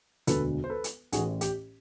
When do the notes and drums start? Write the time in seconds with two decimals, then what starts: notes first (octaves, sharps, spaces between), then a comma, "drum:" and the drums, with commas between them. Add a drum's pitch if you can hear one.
0.27 E1 D2 D3 A4 B4, drum: hi-hat
0.64 C5
0.70 A4 B4
0.84 drum: hi-hat
1.12 A1 A2 E3 F#4 G#4, drum: hi-hat
1.41 G4, drum: hi-hat